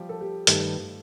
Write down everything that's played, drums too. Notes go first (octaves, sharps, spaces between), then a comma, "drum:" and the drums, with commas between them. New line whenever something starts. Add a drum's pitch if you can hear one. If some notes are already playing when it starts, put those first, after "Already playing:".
Already playing: F3 G3 G4
A4
G3 G4
G2 D#3 G3 A3 A4, drum: hi-hat